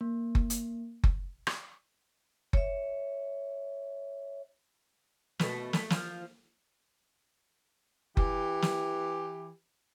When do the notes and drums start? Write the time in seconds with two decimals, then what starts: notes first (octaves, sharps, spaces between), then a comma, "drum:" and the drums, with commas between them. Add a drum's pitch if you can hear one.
0.01 A#3
0.35 drum: kick F#1
0.50 drum: hi-hat
1.04 drum: kick F#1
1.47 drum: rim click
2.53 C#5 E5, drum: kick F#1
5.39 B2 A3, drum: snare
5.73 A3, drum: snare
5.90 F3, drum: snare
8.17 E3 G4, drum: kick F#1
8.62 drum: snare